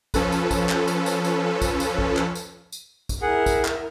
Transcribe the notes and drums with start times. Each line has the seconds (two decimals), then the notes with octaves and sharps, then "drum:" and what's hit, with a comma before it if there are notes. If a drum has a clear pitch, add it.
0.14 F3 C#4 A4 B4, drum: kick, tambourine
0.32 drum: tambourine
0.51 drum: kick, tambourine
0.69 drum: clap
0.88 drum: tambourine
1.06 drum: tambourine
1.25 drum: tambourine
1.62 drum: kick, tambourine
1.80 drum: tambourine
1.99 drum: kick
2.17 drum: clap
2.35 drum: tambourine
2.72 drum: tambourine
3.09 drum: kick, tambourine
3.22 E4 G#4 A#4 F#5
3.46 drum: kick, tambourine
3.65 drum: clap